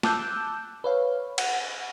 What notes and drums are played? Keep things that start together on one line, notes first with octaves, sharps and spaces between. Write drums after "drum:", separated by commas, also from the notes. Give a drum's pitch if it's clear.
A5 D6 E6 F#6 G6, drum: snare
B4 C#5 F5
F#5, drum: cymbal